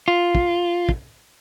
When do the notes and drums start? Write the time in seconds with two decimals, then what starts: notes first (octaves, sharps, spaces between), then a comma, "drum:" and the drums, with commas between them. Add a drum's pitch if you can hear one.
0.08 F4
0.35 drum: kick
0.89 drum: kick